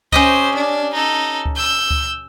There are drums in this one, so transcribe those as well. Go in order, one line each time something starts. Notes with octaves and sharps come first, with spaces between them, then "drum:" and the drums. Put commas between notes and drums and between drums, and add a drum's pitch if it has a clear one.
C#4 G4 C5 D#5, drum: kick C#2
D4
D#4 A4
drum: kick C#2
E6 G6
drum: kick C#2